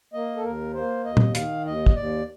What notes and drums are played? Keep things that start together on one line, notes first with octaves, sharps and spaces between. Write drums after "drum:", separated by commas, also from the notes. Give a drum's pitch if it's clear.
A#3 D#5
A4
D#2 A#4
A#3 C5
D#2 D#5
drum: tom A#2
D#3 F5, drum: hi-hat
D#2 D#5
drum: kick
D#2 D5